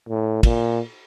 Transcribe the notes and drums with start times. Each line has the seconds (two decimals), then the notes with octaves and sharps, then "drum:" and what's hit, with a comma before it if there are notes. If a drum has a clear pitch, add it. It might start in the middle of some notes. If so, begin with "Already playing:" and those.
0.09 A2
0.43 A#2, drum: kick, cymbal